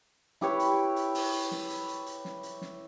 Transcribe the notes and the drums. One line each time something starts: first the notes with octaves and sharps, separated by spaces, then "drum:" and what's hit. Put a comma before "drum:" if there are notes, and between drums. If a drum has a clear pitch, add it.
E4 G4 B4 C#5, drum: snare
drum: hi-hat
drum: hi-hat
drum: open hi-hat
drum: hi-hat
drum: snare
drum: hi-hat
drum: hi-hat
drum: hi-hat
drum: snare
drum: hi-hat
drum: snare